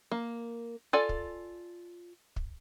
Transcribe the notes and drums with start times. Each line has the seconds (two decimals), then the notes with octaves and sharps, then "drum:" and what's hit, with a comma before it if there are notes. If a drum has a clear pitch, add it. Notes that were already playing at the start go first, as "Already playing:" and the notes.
0.12 A#3
0.93 F4 A4 D5 G#5
1.09 drum: kick
2.36 drum: kick